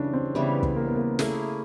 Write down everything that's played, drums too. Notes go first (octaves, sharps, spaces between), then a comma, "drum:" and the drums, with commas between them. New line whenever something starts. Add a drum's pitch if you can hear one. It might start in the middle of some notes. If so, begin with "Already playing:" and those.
Already playing: C#3 E3 G3 C#4 D4
C4
C#3 E3 G3 B3
drum: kick
A#3
B3
A#3
A3 A#3 C#4 E4 G#4, drum: snare